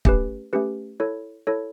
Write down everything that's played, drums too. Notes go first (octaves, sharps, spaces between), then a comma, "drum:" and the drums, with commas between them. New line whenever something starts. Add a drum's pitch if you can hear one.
A3 C#4 G4 B4, drum: kick
A3 C#4 G4 B4
E4 A4 C#5
E4 A4 C#5